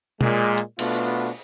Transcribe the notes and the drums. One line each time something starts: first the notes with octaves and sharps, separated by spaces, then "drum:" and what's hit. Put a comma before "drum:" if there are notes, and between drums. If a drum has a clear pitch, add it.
A#2 G#3, drum: tom B2
drum: hi-hat
B2 A3 B3 D4 F4, drum: cymbal